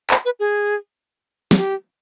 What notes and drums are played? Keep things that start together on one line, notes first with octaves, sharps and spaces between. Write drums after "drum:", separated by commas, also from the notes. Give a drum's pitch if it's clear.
C5, drum: clap
B4
G#4
G#4, drum: snare
G4